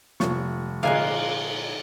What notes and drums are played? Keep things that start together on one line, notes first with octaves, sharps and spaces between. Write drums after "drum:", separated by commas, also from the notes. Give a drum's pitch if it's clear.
F1 F3 G3 A#3 C#6, drum: snare
A#2 D3 G#3 E5 F5 G#5 F#6, drum: cymbal